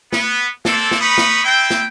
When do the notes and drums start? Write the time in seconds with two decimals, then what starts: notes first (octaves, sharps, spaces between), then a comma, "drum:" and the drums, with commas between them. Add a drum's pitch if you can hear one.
0.12 B3, drum: snare
0.65 A#3 C4 D4 A4, drum: snare
0.91 drum: snare
1.01 D#4 B4 B5 C#6 D#6
1.18 drum: snare
1.44 C4 E4 G5
1.70 drum: snare